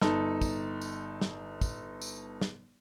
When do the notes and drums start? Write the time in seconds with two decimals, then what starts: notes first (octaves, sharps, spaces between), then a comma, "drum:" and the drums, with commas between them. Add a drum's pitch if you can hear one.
0.01 G1 D#4 A4, drum: snare
0.41 drum: kick, tambourine
0.81 drum: tambourine
1.21 drum: snare
1.61 drum: kick, tambourine
2.01 drum: tambourine
2.41 drum: snare